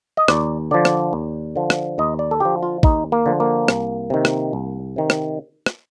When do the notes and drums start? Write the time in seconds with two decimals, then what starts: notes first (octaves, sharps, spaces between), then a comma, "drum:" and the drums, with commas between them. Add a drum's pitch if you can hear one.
0.17 D#5
0.28 D#2 D5, drum: rim click
0.71 D3 F3 D5
0.85 drum: rim click
1.13 D#2
1.56 D3 F3
1.70 drum: rim click
1.98 D#2 D#5
2.19 D5
2.31 A4
2.40 D3 F3 G4
2.63 F4
2.83 D#2 D#4, drum: kick
3.12 A#3
3.26 D3 F3
3.40 A#3
3.68 C2, drum: rim click
4.10 C3 D#3
4.25 drum: rim click
4.53 C2
4.96 C3 D#3
5.10 drum: rim click
5.66 drum: rim click